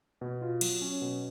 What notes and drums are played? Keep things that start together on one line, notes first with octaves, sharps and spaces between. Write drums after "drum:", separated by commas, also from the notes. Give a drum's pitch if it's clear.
B2
F4
F#3, drum: cymbal
C#4
B2